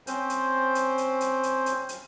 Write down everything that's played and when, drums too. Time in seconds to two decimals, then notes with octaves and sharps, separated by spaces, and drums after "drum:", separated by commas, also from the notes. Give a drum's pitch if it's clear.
0.07 C4 C#4 C5, drum: hi-hat
0.30 drum: hi-hat
0.75 drum: hi-hat
0.98 drum: hi-hat
1.21 drum: hi-hat
1.43 drum: hi-hat
1.66 drum: hi-hat
1.89 drum: hi-hat